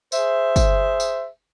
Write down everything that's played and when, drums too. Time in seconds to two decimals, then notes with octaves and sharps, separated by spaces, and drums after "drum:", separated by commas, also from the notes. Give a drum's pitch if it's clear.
0.12 G#4 C5 E5, drum: tambourine
0.56 drum: kick, tambourine
1.00 drum: tambourine